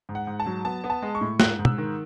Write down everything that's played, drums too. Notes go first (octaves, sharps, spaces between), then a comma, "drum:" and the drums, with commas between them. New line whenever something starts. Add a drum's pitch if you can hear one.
G#2
F#5
G#2
A5
F#3
B3 A5
B3
A5
G#3
C#6
A2
G#2 F#6, drum: snare
G#2
E6, drum: tom
D#3